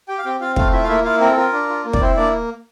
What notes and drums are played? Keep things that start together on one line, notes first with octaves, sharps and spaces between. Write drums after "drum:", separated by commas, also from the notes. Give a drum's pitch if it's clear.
G4 G5
F5
C4 G4 G5
C4 F4 F5
A3 F4 F5, drum: kick
E4 F4 E5
F5
A#3 E4 E5
E4 F4 F5
C4 A#4
A4
F4 A#4
D4
F4
A#3
D5, drum: kick
C4 E4 C5
A#3 D4 D5